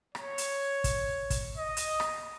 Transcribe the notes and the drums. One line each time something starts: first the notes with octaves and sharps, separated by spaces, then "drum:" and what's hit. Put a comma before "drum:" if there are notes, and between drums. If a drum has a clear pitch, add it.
C#5, drum: rim click
drum: hi-hat
drum: kick, hi-hat
drum: kick, hi-hat
D#5
drum: hi-hat
drum: rim click